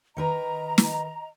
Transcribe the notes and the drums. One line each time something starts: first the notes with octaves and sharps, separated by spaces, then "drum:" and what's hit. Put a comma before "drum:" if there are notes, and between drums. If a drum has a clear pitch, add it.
D#3 A#4 B4 D#5 A#5
drum: snare